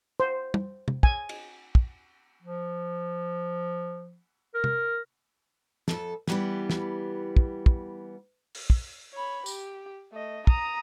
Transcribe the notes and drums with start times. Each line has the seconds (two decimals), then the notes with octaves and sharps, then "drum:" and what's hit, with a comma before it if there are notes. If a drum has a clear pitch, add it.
0.20 C5
0.54 drum: tom
0.88 drum: tom C3
1.03 G#5, drum: kick
1.29 drum: cymbal
1.75 drum: kick
2.42 F3
4.54 A#4
4.64 drum: tom C3
5.88 F2 A4, drum: snare
6.28 E3 G3 B3, drum: snare
6.70 drum: snare
7.36 drum: kick
7.66 drum: kick
8.55 drum: open hi-hat
8.70 drum: kick
9.13 C#5 B5
9.46 G4, drum: tambourine
10.13 A3 D#5
10.47 A#5 D#6, drum: kick